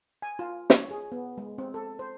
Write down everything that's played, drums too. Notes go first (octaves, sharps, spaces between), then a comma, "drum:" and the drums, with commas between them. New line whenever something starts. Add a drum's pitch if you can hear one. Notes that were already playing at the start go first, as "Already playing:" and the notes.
G#5
F4
C#5, drum: snare
G#4
B3
G#3
C4
A4
C5